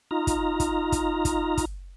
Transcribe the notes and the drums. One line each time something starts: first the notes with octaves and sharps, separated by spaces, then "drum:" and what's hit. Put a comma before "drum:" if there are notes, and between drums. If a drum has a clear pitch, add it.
D#4 F4 A#5
drum: kick, hi-hat
drum: kick, hi-hat
drum: kick, hi-hat
drum: kick, hi-hat
drum: kick, hi-hat